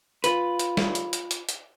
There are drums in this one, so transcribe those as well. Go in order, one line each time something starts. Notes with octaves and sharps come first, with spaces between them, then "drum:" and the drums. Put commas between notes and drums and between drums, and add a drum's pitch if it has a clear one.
F4 B4, drum: hi-hat
drum: hi-hat
drum: snare
drum: hi-hat
drum: hi-hat
drum: hi-hat
drum: hi-hat